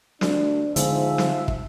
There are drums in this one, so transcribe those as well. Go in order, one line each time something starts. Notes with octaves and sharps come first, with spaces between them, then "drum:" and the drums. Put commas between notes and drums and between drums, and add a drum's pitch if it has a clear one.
D2 D4, drum: snare
G#2 D3 F3 G#3 B3 E5, drum: hi-hat
drum: snare
drum: kick